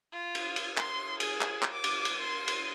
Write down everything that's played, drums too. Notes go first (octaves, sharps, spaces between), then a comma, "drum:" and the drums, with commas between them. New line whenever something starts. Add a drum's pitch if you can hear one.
F4
drum: cymbal
drum: cymbal
C6, drum: clap
G#4, drum: cymbal
drum: clap
drum: clap
D6
drum: cymbal
drum: cymbal
C6
drum: cymbal